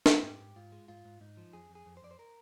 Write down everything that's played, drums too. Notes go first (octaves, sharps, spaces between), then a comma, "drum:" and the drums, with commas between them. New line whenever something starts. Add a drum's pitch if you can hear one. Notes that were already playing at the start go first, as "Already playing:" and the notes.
drum: snare
G#2 G4
G#2
G#2 F4
G#3
G#2 F4
G#2
G#2 D#4
F3
F2 G#4
F2
G#4
F2
C5
F2 D5
C5
A#4